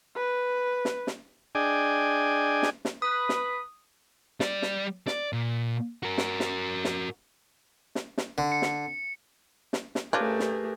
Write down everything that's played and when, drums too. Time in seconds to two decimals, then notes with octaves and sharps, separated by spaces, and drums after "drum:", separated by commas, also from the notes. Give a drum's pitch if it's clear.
0.16 B4
0.85 drum: snare
1.07 drum: snare
1.55 D4 G#4 D5 D#5 G5 G#5
2.63 drum: snare
2.85 drum: snare
3.02 B4 D#6
3.29 drum: snare
4.40 G3 D5, drum: snare
4.62 drum: snare
5.07 D5, drum: snare
5.33 A#2
6.03 F#4 A#4
6.18 drum: snare
6.40 drum: snare
6.84 drum: snare
7.95 drum: snare
8.18 drum: snare
8.38 D3
8.52 C#7
8.62 drum: snare
9.73 drum: snare
9.95 drum: snare
10.13 A3 C#4 D4 F4 G4 G#4 A#4 B4
10.40 drum: snare